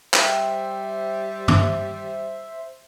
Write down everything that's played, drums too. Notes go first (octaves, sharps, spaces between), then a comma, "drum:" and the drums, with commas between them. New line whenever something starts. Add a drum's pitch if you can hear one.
G3 C5 E5 G5, drum: clap
drum: tom